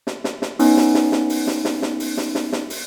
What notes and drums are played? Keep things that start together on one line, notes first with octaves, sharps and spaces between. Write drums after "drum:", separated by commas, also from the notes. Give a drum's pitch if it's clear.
drum: snare
drum: snare
drum: snare
B3 C#4 D#4, drum: open hi-hat
drum: snare
drum: snare
drum: snare
drum: open hi-hat
drum: snare
drum: snare
drum: snare
drum: open hi-hat
drum: snare
drum: snare
drum: snare
drum: open hi-hat